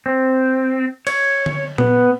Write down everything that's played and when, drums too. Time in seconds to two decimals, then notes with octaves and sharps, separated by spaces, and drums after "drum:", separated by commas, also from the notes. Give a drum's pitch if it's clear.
0.06 C4
1.07 C#5, drum: cymbal
1.46 drum: tom D3
1.78 B3, drum: tom A#2